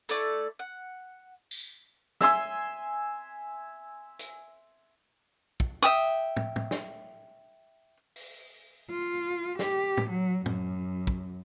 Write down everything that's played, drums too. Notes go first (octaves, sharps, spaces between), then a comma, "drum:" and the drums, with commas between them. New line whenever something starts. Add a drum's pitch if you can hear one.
A3 E4 D5 C#6, drum: hi-hat
F#5
drum: tambourine
E5 G#5 C6 E6, drum: snare
drum: hi-hat
drum: kick
E5 G5 D#6
drum: tom
drum: tom
drum: snare
drum: open hi-hat
F4
G4, drum: snare
drum: tom
F#3
F#2, drum: tom
drum: kick